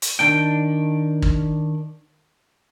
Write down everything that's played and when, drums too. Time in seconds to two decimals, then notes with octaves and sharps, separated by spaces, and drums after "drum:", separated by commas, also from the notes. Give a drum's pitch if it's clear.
0.02 drum: hi-hat
0.19 D#3 D4 G5
1.22 drum: kick